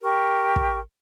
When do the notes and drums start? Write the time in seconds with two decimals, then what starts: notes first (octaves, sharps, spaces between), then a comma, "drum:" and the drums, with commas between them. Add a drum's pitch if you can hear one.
0.02 G4 A#4 C#6
0.56 drum: kick